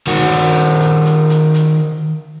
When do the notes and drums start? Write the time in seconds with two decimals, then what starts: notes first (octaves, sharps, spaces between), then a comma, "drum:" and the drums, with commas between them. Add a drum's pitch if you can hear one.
0.07 D#3 F#4, drum: hi-hat
0.31 drum: hi-hat
0.80 drum: hi-hat
1.05 drum: hi-hat
1.29 drum: hi-hat
1.54 drum: hi-hat